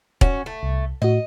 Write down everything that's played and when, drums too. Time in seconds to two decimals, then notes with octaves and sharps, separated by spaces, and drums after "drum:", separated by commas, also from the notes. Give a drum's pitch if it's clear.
0.21 C#4 F#4, drum: kick E1
0.46 A3
0.63 C2
1.02 A2 F#4 D#5